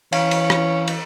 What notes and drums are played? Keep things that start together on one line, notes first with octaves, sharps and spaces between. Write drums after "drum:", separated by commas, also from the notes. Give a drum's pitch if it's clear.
E3 C#4 F5, drum: cymbal
drum: cymbal
drum: rim click
drum: cymbal